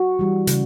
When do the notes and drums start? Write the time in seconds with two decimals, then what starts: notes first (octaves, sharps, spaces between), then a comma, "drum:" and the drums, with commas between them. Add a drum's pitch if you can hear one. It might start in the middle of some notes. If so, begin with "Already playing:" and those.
Already playing: F#4
0.19 E3 G3
0.47 C#3, drum: hi-hat